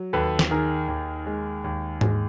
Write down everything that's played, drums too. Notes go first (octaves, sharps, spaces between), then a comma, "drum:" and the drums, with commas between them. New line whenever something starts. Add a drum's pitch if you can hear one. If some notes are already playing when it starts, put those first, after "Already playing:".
Already playing: F#3
D#2 A4 B4
drum: snare
D#3 G#4 A#4
D#2
G#3
D#2
G#3, drum: tom G#2